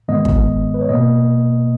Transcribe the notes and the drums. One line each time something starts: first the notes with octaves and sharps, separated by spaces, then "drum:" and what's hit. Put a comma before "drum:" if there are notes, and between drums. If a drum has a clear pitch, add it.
G#2 D#3 G#3 B3 D#5
drum: kick
B4
C#5
B2 A#3 D#5